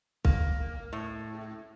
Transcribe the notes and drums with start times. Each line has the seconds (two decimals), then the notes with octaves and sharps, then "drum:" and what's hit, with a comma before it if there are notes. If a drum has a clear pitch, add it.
0.25 A#3, drum: kick
0.93 A2